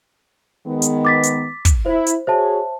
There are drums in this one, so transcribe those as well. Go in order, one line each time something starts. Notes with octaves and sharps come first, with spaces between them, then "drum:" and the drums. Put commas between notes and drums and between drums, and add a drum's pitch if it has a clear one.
D#3 G#3 B3
drum: hi-hat
D6 A6 B6
drum: hi-hat
drum: kick, hi-hat
E4 C5
drum: hi-hat
F#4 G#4 C5 C#5 E5 A5